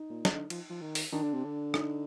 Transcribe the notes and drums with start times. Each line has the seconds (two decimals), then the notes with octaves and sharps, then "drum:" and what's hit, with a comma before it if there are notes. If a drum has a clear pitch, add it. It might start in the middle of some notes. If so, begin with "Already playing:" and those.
Already playing: D#4
0.10 A#2
0.25 C3, drum: snare
0.30 D3
0.50 F3, drum: cymbal
0.70 F3
0.81 D#3
0.95 drum: open hi-hat
1.12 D#3 D4
1.23 D3
1.34 C3
1.45 D3
1.74 D#4, drum: rim click